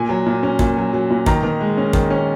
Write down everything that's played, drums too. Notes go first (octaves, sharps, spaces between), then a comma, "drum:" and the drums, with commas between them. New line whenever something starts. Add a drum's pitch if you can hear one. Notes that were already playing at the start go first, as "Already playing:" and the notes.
Already playing: A#2 G#5
F#3
A#2
C#4
A#2, drum: kick
F#3
F#3
A#2
D#3 A#5, drum: kick
D#3
G#3
C#4
D#3, drum: kick
C#4